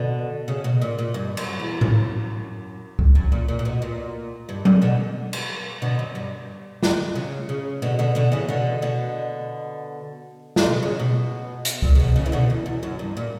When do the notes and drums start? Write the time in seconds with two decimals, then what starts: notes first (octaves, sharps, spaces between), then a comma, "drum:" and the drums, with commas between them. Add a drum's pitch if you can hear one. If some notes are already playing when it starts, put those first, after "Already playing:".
Already playing: B2 D3
0.48 C#3
0.64 B2
0.82 A#2
0.99 A#2
1.14 G2
1.37 F#2, drum: cymbal
1.60 E2
1.81 F#2, drum: tom G#2
2.99 drum: kick C2
3.15 F#2
3.32 A#2
3.48 A#2
3.59 A#2
3.65 B2
3.82 A#2
4.49 G2
4.65 A#2, drum: tom F#3
4.82 B2 D3
5.33 drum: cymbal
5.82 B2 D3
5.99 F#2
6.15 G2
6.83 drum: snare
7.15 C#3
7.49 C#3
7.82 B2 D3
7.99 B2 D3
8.15 B2 D3
8.32 C#3 E3
8.49 B2 D3
8.82 B2 D3
10.56 drum: snare
10.66 B2
10.83 C#3
10.99 B2
11.65 drum: hi-hat
11.82 A#2, drum: kick C2
11.95 C#3
12.00 B2
12.16 C#3
12.26 E3
12.32 B2 D3
12.50 E2
12.66 E2
12.83 F#2
12.99 G2
13.17 A#2